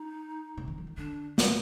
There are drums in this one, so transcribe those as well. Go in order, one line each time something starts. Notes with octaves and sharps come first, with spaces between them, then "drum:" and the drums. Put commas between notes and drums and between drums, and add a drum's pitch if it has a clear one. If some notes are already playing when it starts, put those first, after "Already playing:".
Already playing: D#4
C3
D#3
F3
D#3
D3 D4
A3, drum: snare